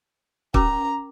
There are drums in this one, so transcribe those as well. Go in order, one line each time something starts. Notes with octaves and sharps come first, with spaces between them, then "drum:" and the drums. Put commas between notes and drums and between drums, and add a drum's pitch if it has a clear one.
C#4 A#4 A#5 D6, drum: kick